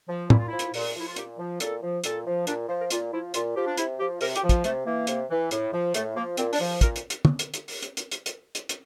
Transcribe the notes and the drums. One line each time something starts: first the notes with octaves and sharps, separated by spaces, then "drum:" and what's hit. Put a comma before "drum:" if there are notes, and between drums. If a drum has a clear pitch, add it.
F3
A#2 E4, drum: tom
F4
F3 E4
drum: hi-hat
A#2, drum: open hi-hat
F3 E4
F4
A#2 G4, drum: hi-hat
F3
A#2 A4, drum: hi-hat
F3
A#2 A4, drum: hi-hat
F3
A#2 D4, drum: hi-hat
F3 C5
A#4
A#2 F4, drum: hi-hat
F3 E4
A#2 F4, drum: hi-hat
F3 G4
D4
C3 E4, drum: hi-hat
F3 G4
C3 A#4, drum: open hi-hat
G4, drum: hi-hat
F3
F4, drum: kick, hi-hat
C3 A3, drum: hi-hat
E3 A#3
C3, drum: hi-hat
E3
A2, drum: hi-hat
F3
A2 A3, drum: hi-hat
F3 A#3
A#2 C4, drum: hi-hat
D4, drum: open hi-hat
F3
A#2 A#4, drum: kick, hi-hat
drum: hi-hat
drum: hi-hat
drum: tom
drum: hi-hat
drum: hi-hat
drum: open hi-hat
drum: hi-hat
drum: hi-hat
drum: hi-hat
drum: hi-hat
drum: hi-hat
drum: hi-hat